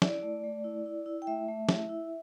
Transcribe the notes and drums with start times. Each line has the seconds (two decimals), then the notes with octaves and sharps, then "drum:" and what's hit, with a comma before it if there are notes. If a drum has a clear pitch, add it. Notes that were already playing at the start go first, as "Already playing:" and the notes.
0.02 E4 D5, drum: snare
0.23 A3
0.44 A3
0.64 E4
0.86 E4
1.06 E4
1.22 G5
1.27 A3 E5
1.48 A3
1.69 E4, drum: snare
1.89 E4